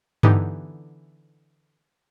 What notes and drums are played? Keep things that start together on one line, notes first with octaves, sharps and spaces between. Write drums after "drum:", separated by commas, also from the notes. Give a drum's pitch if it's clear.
D3 E3 B3 D#4 G4, drum: tom G2